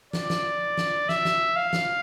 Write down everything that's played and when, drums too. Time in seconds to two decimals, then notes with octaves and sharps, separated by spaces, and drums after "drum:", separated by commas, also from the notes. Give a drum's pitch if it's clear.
0.13 D5, drum: snare
0.30 drum: snare
0.78 drum: snare
1.09 E5, drum: snare
1.25 drum: snare
1.57 F5
1.73 drum: snare